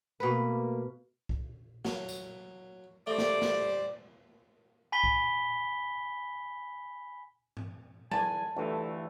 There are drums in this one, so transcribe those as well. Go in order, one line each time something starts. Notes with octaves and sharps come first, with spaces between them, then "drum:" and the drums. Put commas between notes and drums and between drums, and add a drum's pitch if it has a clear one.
B2 A3 A#3 B4
drum: kick
F#3, drum: snare
drum: tambourine
G3 A3 C5 D5
drum: snare
drum: snare
G#5 B5 B6 G7
drum: kick
drum: tom G2
E2 G#5 A5, drum: tom F#3
G1 D2 E3 A3